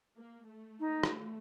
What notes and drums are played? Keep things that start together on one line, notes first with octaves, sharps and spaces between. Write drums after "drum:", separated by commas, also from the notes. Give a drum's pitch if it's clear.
A#3
A3
D#4
drum: rim click